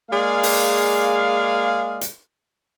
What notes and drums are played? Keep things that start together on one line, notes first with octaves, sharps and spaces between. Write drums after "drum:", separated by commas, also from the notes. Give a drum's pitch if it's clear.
G#3 A#3 G#4 D5 F5
drum: open hi-hat
drum: hi-hat